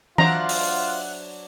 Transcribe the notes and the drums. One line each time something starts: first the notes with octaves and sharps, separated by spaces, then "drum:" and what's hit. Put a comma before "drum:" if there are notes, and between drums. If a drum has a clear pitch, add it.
F#3 D4 F4 C5 E5 F#5 A#5 F#6, drum: tom E3
drum: open hi-hat